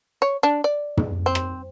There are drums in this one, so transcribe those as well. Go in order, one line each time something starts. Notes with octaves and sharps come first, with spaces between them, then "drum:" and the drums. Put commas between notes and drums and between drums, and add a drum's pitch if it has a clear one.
C#5
D4
D5
drum: tom
C4
drum: rim click